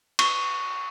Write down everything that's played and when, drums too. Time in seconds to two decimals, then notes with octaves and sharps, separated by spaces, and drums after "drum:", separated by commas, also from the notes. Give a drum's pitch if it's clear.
0.19 C#6, drum: cymbal